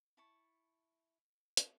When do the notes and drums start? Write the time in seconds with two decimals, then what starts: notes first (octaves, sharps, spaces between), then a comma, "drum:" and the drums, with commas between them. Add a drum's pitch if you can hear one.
0.17 E4 A5 C#6
1.57 drum: hi-hat